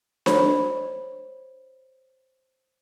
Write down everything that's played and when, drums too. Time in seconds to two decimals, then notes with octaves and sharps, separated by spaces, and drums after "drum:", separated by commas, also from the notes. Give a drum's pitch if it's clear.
0.26 C5 C#5 B5, drum: snare D4